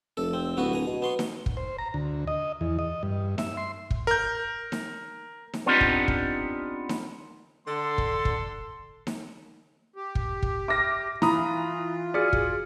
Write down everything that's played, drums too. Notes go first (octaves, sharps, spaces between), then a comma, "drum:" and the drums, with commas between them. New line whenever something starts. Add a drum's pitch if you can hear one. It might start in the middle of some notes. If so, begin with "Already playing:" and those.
F1 A4
C4
D1 B3 F#4 B4
G#5 A#5
B2
B3 C6 C#6
drum: snare D#4
drum: kick
C5
A#5
D2
D#5
E2
D#5
G2
E5, drum: snare D#4
C6
drum: kick
A#4 G6
drum: snare D#4
drum: snare D#4
B3 C4 D4 D#4 F4 G4
drum: kick
drum: kick
drum: snare D#4
D3 A4 C6
drum: kick
drum: kick
drum: snare D#4
G4
drum: kick
drum: kick
E5 D6 F6 A#6
E3 E4 F4 A#5 B5 D#6, drum: snare D#4
F#4 G#4 D5 F6 B6 C#7
drum: kick